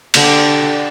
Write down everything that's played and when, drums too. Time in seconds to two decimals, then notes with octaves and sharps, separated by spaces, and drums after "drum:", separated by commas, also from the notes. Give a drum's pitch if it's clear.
0.14 D3 G4, drum: cymbal